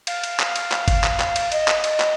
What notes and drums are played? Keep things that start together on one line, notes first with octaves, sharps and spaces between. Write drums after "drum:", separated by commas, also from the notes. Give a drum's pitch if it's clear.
F5, drum: cymbal
drum: cymbal
drum: clap
drum: cymbal
drum: clap
drum: kick G1, cymbal
drum: clap
drum: clap
drum: cymbal
D#5, drum: cymbal
drum: clap
drum: cymbal
drum: clap